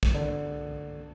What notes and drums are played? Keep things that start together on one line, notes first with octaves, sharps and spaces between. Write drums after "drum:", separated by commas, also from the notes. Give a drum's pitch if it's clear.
drum: kick
D3